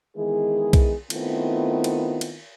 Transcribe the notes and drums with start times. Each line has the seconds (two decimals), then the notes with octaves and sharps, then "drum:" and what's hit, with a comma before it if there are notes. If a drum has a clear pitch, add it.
0.16 D#3 E3 G#3 B3 G#4
0.73 drum: kick B1, cymbal
1.10 D#3 A3 B3 C4 E4 F4, drum: cymbal
1.84 drum: cymbal
2.21 drum: cymbal